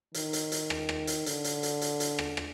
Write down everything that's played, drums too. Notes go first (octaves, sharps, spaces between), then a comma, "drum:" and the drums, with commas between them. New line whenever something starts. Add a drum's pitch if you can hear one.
D#3, drum: hi-hat
drum: hi-hat
drum: hi-hat
drum: rim click
drum: rim click
drum: hi-hat
D3, drum: hi-hat
drum: hi-hat
drum: hi-hat
drum: hi-hat
drum: hi-hat
drum: rim click
drum: rim click